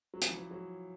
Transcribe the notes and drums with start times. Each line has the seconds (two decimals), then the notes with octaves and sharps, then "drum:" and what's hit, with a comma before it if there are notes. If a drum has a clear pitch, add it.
0.14 F#3
0.22 F3, drum: hi-hat
0.29 E3
0.37 F3
0.51 F#3